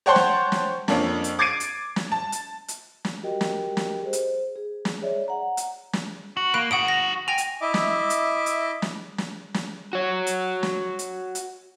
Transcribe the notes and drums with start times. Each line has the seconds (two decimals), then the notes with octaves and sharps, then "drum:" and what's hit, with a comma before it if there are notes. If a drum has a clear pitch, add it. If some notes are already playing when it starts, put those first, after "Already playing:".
0.06 C5 C#5 F#5 G5 A5 C6
0.16 drum: snare
0.52 drum: snare
0.88 F2 A#3 C#4 D4, drum: snare
1.24 drum: hi-hat
1.39 D6 G#6 A6 C7 D7 D#7
1.60 drum: hi-hat
1.96 drum: snare
2.12 A5
2.32 drum: hi-hat
2.68 drum: hi-hat
3.04 drum: snare
3.23 F#4 G4 A#4 D#5 G5
3.41 drum: snare
3.77 drum: snare
4.02 G#4 C5
4.13 drum: hi-hat
4.56 G#4
4.85 drum: snare
5.02 G#4 C#5 D5 E5
5.28 F#5 A#5
5.57 drum: hi-hat
5.93 drum: snare
6.37 F#4
6.54 A#3 B5 F#6 D7
6.71 G2 F#4 F#5 D#6 D7
6.88 A#6 F7
7.28 G5 G#5 A#6 F7
7.38 drum: hi-hat
7.61 E4 D#5 E5 D6
7.74 drum: snare
8.10 drum: hi-hat
8.46 drum: hi-hat
8.82 drum: snare
9.18 drum: snare
9.54 drum: snare
9.93 F#4 C#5
10.27 drum: hi-hat
10.63 drum: snare
10.99 drum: hi-hat
11.35 drum: hi-hat